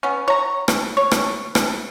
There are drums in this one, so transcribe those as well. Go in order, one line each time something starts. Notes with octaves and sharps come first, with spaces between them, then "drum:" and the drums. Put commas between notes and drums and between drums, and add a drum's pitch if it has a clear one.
B3 C#4
C#5 A#5
drum: rim click
C#5
drum: rim click
drum: rim click